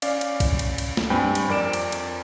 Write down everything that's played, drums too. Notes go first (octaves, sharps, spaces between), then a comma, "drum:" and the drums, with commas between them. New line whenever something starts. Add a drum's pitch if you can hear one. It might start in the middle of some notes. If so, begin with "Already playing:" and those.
C#4 D5 F5, drum: cymbal
drum: cymbal
drum: kick B1, cymbal
drum: cymbal
drum: cymbal
drum: snare
G2 C4 G5 G#5 B5
drum: cymbal
F2 A#4 D5 D7 E7
drum: cymbal
drum: cymbal